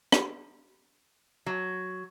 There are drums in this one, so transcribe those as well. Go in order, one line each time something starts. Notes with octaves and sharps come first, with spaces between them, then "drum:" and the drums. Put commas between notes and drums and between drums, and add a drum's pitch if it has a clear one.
drum: rim click
F#3